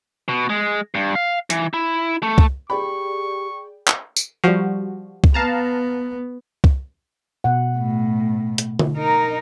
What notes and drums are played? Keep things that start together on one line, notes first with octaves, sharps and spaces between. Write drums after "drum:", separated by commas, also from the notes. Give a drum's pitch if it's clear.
B2
G#3
G2
F5
E3, drum: hi-hat
E4
A3
drum: kick C2
G4 G#4 D5 G5 B5 C#6
drum: clap
drum: tambourine
F3 G3 F#4
drum: kick C2
B3 F5 A5 A#5
drum: kick C2
B2 F#5
A2
drum: hi-hat
drum: tom D3
D#4 A#4